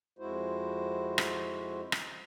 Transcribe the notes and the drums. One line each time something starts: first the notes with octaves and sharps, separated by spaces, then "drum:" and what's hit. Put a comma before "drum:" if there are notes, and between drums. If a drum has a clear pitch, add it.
F2 G#3 E4 F#4 C5
drum: rim click
drum: rim click